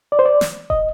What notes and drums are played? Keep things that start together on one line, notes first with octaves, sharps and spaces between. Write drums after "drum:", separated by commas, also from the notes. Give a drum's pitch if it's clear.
D5
C5
D5
drum: snare
D#5, drum: kick D#1